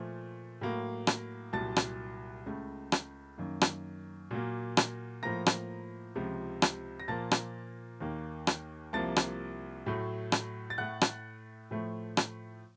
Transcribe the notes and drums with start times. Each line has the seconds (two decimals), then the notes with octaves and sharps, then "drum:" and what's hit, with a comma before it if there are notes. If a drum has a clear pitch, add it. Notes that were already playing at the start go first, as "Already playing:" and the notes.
Already playing: A#2 F3 A3
0.61 A2 F#3 A#3
1.07 drum: rim click
1.53 C2 A#2 F#3 A5 A6
1.76 drum: rim click
2.46 C#2 C#3 A3
2.92 drum: rim click
3.38 F#2 D#3 A#3
3.61 drum: rim click
4.31 A#2 F#3 A#3
4.77 drum: rim click
5.23 A2 F3 A#3 A#5 A#6
5.46 drum: rim click
6.16 C#2 C3 F3
6.62 drum: rim click
7.00 A#6
7.08 A#2 F3 A#3 A5 A6
7.31 drum: rim click
8.00 D#2 D#3 A#3
8.47 drum: rim click
8.93 C2 C3 F3 A#3 A5 A6
9.16 drum: rim click
9.86 A2 F#3 A3
10.32 drum: rim click
10.70 A6
10.78 A2 A3 F#5 F#6
11.01 drum: rim click
11.71 A2 F3 A3
12.17 drum: rim click